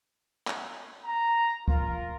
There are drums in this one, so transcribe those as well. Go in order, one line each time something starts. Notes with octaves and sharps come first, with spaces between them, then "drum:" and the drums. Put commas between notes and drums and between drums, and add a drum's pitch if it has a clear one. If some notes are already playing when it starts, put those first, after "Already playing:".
drum: clap
A#5
F4 A#4, drum: kick C#2